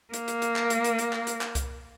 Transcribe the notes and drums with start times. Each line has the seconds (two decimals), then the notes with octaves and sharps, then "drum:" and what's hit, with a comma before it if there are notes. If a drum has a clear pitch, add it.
0.14 A#3, drum: hi-hat
0.28 drum: hi-hat
0.42 drum: hi-hat
0.56 drum: clap
0.70 drum: hi-hat
0.84 drum: hi-hat
0.99 drum: hi-hat
1.13 drum: clap
1.27 drum: hi-hat
1.41 drum: clap
1.55 drum: kick C2, hi-hat